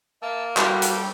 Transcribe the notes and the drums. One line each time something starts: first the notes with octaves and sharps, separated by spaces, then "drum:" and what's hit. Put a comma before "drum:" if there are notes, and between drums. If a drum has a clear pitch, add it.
A#3 E5 A5 E6
G3 F#4 G4 A4, drum: clap
drum: hi-hat